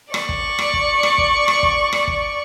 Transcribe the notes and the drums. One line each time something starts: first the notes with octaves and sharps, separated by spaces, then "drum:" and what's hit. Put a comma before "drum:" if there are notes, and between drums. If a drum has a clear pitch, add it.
D5 C#6, drum: rim click
drum: kick
drum: rim click
drum: kick
drum: rim click
drum: kick
drum: rim click
drum: kick
drum: rim click
drum: kick